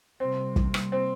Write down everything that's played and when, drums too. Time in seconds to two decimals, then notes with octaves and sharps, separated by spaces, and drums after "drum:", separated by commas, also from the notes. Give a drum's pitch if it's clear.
0.20 C3 G3 A#3 C4
0.56 drum: kick
0.74 drum: rim click
0.92 C4